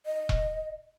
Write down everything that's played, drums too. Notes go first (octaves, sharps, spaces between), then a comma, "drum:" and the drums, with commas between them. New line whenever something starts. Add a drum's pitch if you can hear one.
D#5
drum: kick E1